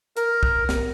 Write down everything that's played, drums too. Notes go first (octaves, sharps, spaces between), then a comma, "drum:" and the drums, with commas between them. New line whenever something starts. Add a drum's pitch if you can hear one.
A#4, drum: hi-hat
drum: kick
drum: snare